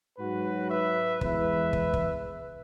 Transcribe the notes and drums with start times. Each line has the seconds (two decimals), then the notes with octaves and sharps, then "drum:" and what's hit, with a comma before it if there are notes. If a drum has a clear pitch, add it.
0.18 G#2 F#3 F#4 B4
0.70 B4 E5
1.21 E2 E3 G#3 B4 E5, drum: kick
1.73 drum: kick
1.94 drum: kick